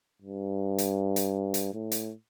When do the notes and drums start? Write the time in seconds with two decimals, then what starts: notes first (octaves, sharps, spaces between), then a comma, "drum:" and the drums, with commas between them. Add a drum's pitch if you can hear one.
0.22 G2
0.78 drum: hi-hat
1.16 drum: hi-hat
1.54 drum: hi-hat
1.73 A2
1.92 drum: hi-hat